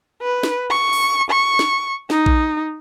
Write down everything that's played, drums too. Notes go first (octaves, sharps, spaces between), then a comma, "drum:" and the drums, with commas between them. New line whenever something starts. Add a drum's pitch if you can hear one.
B4
drum: snare
C#6
drum: open hi-hat
C#6
drum: snare
D#4, drum: snare
drum: kick A#1